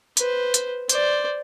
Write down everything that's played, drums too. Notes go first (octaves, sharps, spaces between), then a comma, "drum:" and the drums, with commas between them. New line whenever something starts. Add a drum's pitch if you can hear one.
B4 C5, drum: hi-hat
drum: hi-hat
C5 D5, drum: hi-hat